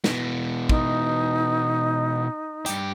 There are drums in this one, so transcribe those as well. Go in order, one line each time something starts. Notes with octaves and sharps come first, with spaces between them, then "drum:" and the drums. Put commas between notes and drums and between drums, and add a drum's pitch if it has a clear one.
B2 E3, drum: snare
D#4, drum: kick
G2 G4, drum: hi-hat